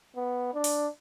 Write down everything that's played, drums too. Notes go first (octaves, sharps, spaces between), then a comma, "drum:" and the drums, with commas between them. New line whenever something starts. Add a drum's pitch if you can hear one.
B3
D4
drum: open hi-hat